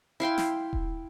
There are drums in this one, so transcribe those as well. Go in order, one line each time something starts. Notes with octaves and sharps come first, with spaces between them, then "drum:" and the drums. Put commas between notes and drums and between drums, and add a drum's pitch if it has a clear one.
E4 F5 G5 C6
drum: snare
drum: kick D#1